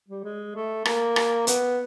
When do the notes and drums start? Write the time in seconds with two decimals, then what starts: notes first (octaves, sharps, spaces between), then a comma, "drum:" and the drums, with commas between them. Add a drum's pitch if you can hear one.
0.08 G3
0.24 G#3
0.55 A3
0.85 A#3, drum: rim click
1.16 drum: rim click
1.47 B3, drum: hi-hat